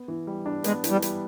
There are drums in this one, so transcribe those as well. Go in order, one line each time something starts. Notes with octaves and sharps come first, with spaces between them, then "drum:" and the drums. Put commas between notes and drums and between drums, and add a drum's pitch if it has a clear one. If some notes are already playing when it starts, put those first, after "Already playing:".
Already playing: B3
E3
G3
D4
G#3 B3, drum: hi-hat
E3, drum: hi-hat
G3
G3, drum: hi-hat